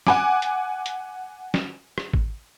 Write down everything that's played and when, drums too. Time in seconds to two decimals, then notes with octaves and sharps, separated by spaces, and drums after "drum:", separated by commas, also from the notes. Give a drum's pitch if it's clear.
0.07 F#5 G#5 D6, drum: snare
0.42 drum: hi-hat
0.86 drum: hi-hat
1.54 drum: snare
1.98 drum: rim click
2.13 drum: kick G#1